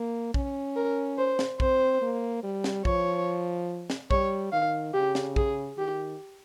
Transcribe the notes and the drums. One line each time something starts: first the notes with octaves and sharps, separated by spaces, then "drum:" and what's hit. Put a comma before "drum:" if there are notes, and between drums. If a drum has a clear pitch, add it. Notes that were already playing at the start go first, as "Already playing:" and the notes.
Already playing: A#3
C#4, drum: kick
A#4
C5
drum: snare
C4 C5, drum: kick
A#3
G3
drum: snare
F3 C#5, drum: kick
drum: snare
G3 C#5, drum: kick
D#3 F5
C#3 G4
drum: snare
G#4, drum: kick
D#3 G4